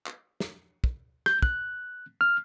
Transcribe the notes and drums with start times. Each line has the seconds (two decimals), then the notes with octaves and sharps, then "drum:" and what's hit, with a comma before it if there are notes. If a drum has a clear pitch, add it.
0.06 drum: clap
0.40 drum: snare
0.84 drum: kick
1.26 G6, drum: rim click
1.42 F#6, drum: kick
2.21 F6